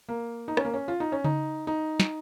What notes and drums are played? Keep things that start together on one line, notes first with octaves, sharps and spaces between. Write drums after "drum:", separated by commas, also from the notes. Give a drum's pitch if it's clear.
A#3
D#4
C#4, drum: rim click
A#3
C#4
F4
D#4
C#4
D#4, drum: tom C#3
D#4
drum: snare